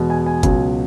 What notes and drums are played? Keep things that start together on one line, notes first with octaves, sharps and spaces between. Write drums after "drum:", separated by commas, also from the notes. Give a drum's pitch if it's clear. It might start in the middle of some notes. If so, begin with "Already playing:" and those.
Already playing: E2 B2 G#3
G#5
G#5
C#2 B2 F#3, drum: kick, hi-hat